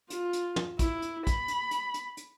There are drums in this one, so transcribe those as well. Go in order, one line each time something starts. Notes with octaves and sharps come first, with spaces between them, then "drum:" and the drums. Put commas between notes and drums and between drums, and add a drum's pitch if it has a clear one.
F4, drum: hi-hat
drum: hi-hat
drum: tom
E4, drum: kick, hi-hat
drum: hi-hat
B5, drum: kick, hi-hat
drum: hi-hat
drum: hi-hat
drum: hi-hat
drum: hi-hat